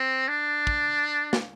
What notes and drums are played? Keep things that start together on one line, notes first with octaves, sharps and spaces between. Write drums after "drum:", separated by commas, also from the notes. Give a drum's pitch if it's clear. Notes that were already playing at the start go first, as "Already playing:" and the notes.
Already playing: C4
D4
drum: kick
drum: snare